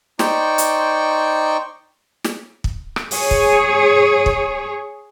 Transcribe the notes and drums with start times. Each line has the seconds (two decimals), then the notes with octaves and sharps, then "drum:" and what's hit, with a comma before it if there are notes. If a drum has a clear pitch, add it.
0.19 D#4 C5 D5 G5 C#6, drum: snare
0.58 drum: hi-hat
2.25 drum: snare
2.64 drum: kick
2.96 drum: rim click
3.11 G#4 C#5, drum: open hi-hat
3.31 drum: kick
4.26 drum: kick